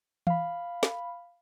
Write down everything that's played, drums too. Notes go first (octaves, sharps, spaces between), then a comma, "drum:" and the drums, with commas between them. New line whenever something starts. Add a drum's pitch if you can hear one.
F5 B5, drum: tom E3
drum: snare